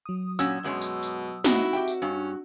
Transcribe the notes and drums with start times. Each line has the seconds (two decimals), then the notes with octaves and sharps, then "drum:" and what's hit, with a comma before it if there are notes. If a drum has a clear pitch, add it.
0.06 F#3 D#6
0.39 A#2 C#4 F#4 E6, drum: tambourine
0.64 F#2 B2 G#3 C#5
0.81 drum: tambourine
1.03 drum: tambourine
1.44 B3 C4 D#4 E4 F#4 D#5, drum: snare
1.73 G4 E5 G5
1.88 drum: tambourine
2.02 G2 C#4